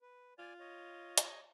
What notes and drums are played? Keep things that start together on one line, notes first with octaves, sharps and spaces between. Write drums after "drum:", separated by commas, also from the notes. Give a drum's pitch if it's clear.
B4
F4 D5 G#5
C#5 D#5
drum: hi-hat